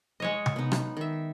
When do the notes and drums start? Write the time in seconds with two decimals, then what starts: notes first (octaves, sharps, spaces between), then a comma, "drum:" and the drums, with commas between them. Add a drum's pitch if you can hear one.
0.20 G#3 C#5 D#5
0.46 drum: tom C3
0.56 B3 D#4
0.72 drum: rim click
0.97 D#3 E5